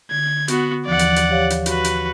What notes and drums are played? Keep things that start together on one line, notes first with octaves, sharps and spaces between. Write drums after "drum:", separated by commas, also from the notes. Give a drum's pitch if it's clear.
D3 G#6
B3 F#4, drum: hi-hat
D#2 E3 F3 D5 F#5
drum: hi-hat
drum: hi-hat
G4 C#5 F5
drum: hi-hat
F#4 B4, drum: hi-hat
drum: hi-hat